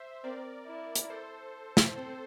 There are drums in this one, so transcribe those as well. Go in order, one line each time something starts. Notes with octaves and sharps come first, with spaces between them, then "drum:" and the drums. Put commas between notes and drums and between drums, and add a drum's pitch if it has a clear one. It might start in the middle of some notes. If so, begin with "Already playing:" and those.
Already playing: C5 E5
C4 A#4 D5
E4
drum: hi-hat
A4 C5
drum: snare
C4 A4 C5